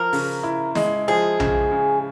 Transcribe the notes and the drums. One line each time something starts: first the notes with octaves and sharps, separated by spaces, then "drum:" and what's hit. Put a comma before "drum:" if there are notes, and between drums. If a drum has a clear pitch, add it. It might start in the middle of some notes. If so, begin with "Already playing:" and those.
Already playing: F3 A#4
C#3, drum: open hi-hat
E4
G#3, drum: snare
F3 G#4
C#3, drum: tom A#1
C#3